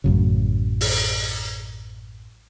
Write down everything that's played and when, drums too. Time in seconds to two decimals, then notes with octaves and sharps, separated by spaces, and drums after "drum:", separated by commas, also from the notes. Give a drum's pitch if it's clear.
0.04 A1 F#2 C#3
0.81 drum: open hi-hat